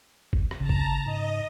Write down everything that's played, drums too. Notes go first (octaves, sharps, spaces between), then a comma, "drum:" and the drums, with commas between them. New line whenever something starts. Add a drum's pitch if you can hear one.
drum: kick G1
drum: rim click
G#1 C#3 A5 A#5
drum: kick G1
G#2 D#5